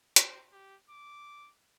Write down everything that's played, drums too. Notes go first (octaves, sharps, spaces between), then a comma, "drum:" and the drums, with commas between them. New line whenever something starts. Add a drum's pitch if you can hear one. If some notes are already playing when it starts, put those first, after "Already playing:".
C5, drum: hi-hat
G4
D6